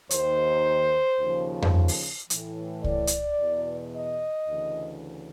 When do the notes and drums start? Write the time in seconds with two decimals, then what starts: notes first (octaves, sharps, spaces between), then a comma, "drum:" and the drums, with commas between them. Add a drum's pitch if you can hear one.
0.10 D#2 D#3 C5, drum: hi-hat
1.20 D#2 C#3 F3
1.62 drum: tom F2
1.88 drum: open hi-hat
2.30 A2 E3, drum: hi-hat
2.84 D5, drum: kick C2
3.07 drum: hi-hat
3.39 E2 B2
3.94 D#5
4.49 D2 C#3 E3